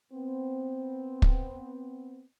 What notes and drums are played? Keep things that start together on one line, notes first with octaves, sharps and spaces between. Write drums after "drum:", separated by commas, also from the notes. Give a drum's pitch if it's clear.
B3 C4
drum: kick